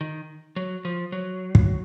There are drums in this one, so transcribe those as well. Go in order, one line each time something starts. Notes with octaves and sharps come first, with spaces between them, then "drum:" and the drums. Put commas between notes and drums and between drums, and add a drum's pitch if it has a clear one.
D#3
F#3
F3
F#3
drum: kick